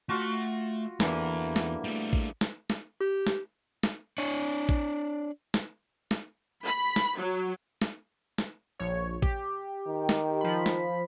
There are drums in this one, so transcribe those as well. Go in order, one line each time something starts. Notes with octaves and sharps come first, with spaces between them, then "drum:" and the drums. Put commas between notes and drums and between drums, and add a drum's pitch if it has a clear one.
A3 F4 F#4 A5
E2 D3 E3 A#3, drum: snare
drum: snare
G3 A3
drum: kick A1
drum: snare
drum: snare
G4
drum: snare
drum: snare
D4 C#5
drum: kick A1
drum: snare
drum: snare
B5
drum: snare
F#3
drum: snare
drum: snare
A#1 C#5
G4, drum: kick A1
D#3
drum: snare
F3 B5
drum: snare